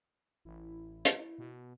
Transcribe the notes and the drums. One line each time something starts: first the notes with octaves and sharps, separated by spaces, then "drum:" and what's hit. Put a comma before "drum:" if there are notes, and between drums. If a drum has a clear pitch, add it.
A1 E4
drum: hi-hat
B2